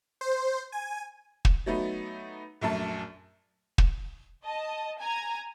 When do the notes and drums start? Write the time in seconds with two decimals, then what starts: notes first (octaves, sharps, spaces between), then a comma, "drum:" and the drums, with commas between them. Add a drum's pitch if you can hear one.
0.21 C5
0.72 G#5
1.45 drum: kick
1.66 F#3 A3 B3 D#4
2.61 A#1 F#2 A3 A5
3.78 drum: kick
4.45 D#5 A5
5.00 G#5 A#5 G#6